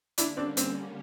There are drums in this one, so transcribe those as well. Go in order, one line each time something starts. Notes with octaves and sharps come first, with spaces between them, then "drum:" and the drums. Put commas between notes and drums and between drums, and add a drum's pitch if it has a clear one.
D3 G3 A#3 C#4 D4 E4, drum: hi-hat
C4 D4
C4, drum: hi-hat